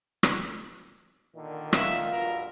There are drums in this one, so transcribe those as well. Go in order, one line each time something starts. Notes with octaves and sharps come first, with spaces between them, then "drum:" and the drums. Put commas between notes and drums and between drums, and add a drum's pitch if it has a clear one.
drum: rim click
A#2 D3 D#3
F4 E5, drum: rim click
A#1 G2 B2 A#4